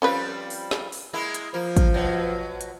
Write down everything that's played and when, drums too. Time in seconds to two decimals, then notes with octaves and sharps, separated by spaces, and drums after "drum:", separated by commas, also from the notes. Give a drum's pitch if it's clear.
0.02 F3 G3 C4 C#4 F4 B4
0.50 drum: open hi-hat
0.71 drum: snare
0.92 drum: open hi-hat
1.13 G#3 A#3 E4
1.34 drum: hi-hat
1.54 F3 A#3
1.77 drum: kick, hi-hat
1.94 B2 F#3
2.61 drum: hi-hat